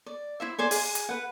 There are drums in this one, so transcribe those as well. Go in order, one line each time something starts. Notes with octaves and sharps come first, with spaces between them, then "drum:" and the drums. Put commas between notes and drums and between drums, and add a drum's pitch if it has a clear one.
D5
E4 C5 E5
C5 D5 G#5
G#4, drum: open hi-hat
drum: hi-hat
B4 F#5